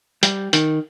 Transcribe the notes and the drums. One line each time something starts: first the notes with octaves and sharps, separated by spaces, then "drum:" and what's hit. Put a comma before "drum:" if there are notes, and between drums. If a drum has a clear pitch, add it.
G3, drum: hi-hat
D#3, drum: hi-hat